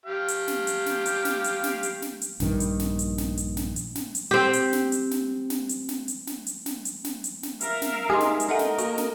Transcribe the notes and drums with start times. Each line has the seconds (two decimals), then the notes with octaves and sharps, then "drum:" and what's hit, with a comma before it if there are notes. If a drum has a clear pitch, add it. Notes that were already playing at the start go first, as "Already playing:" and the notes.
0.06 G4 F5
0.28 drum: hi-hat
0.48 drum: snare
0.67 drum: hi-hat
0.86 drum: snare
1.06 drum: hi-hat
1.25 drum: snare
1.44 drum: hi-hat
1.64 drum: snare
1.83 drum: hi-hat
2.02 drum: snare
2.22 drum: hi-hat
2.40 A#1 G2 D#3, drum: snare
2.60 drum: hi-hat
2.79 drum: snare
2.99 drum: hi-hat
3.18 drum: snare
3.37 drum: hi-hat
3.57 drum: snare
3.76 drum: hi-hat
3.95 drum: snare
4.15 drum: hi-hat
4.31 C4 G4
4.53 drum: hi-hat
4.73 drum: snare
4.92 drum: hi-hat
5.11 drum: snare
5.50 drum: snare
5.69 drum: hi-hat
5.89 drum: snare
6.08 drum: hi-hat
6.27 drum: snare
6.47 drum: hi-hat
6.66 drum: snare
6.85 drum: hi-hat
7.05 drum: snare
7.24 drum: hi-hat
7.43 drum: snare
7.61 A#4 E5 F5, drum: hi-hat
7.82 drum: snare
8.10 G#3 D#4 G4 G#4 C6
8.20 drum: snare
8.40 drum: hi-hat
8.49 D#4 A4 A#4 D#5 E5 F#5 G#5
8.59 drum: snare
8.78 A#3 F#4, drum: hi-hat
8.98 drum: snare